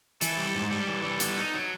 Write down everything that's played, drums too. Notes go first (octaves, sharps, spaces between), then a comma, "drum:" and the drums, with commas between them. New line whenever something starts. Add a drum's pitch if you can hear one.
E3 A4, drum: hi-hat
G3
G#2
G3 A4
E3
G3
B3, drum: hi-hat
D#4
F#3